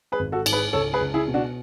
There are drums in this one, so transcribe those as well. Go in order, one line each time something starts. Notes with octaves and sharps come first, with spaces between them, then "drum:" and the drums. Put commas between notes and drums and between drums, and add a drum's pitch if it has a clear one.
G#4 B4
G#1
F#4 A4
G#2, drum: cymbal
G#4 B4
C#2 A4 C#5
G#4 B4
C#2
E4 G#4
B2
D4 F#4